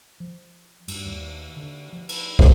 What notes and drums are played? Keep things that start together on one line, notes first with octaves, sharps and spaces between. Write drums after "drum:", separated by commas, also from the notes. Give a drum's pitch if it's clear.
F3
G2, drum: cymbal
D#2
D3
F3
drum: cymbal
drum: kick